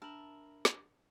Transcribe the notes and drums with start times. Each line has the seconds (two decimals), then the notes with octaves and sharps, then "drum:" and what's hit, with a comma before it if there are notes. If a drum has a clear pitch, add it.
0.02 D4 A#4 E5 A5 B5 F#7
0.65 drum: snare